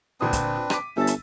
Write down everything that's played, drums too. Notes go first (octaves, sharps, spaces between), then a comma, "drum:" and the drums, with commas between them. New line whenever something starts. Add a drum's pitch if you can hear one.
D2 A#2 C4 D4 B4 D#6
drum: kick, hi-hat
D6 B6 D#7, drum: rim click
G1 C#4 A4 E5 E6 A6
drum: hi-hat